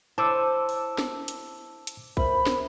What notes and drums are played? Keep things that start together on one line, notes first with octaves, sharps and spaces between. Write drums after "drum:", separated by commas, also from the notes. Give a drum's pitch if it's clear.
E4 C5 A5 D6 E6
drum: open hi-hat
drum: snare
drum: hi-hat
drum: hi-hat
A#4 C5 E5 B5, drum: kick
drum: snare